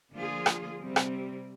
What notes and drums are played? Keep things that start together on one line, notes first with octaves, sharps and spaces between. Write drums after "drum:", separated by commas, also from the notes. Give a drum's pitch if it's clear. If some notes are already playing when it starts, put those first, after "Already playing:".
D3 F3 A#3 F4 G#4
drum: rim click
C3 G3 C4
drum: rim click